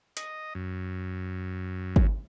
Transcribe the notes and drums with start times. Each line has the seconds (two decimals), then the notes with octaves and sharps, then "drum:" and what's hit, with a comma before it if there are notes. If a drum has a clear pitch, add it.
0.17 D#5, drum: hi-hat
0.55 F#2
1.96 drum: kick